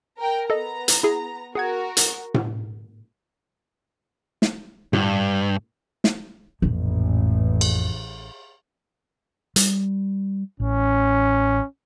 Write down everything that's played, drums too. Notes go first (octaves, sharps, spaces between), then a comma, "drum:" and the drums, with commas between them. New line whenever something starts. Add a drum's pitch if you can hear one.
A#4 G5
B3 A4 D#5 A#5
drum: hi-hat
E4 G#4
F#4 G#4 A#4 F#5 G#6
drum: hi-hat
drum: tom A2
drum: snare
G2, drum: tom A2
drum: snare
A1 F2 A#2
drum: cymbal
G3, drum: hi-hat
A1 C#4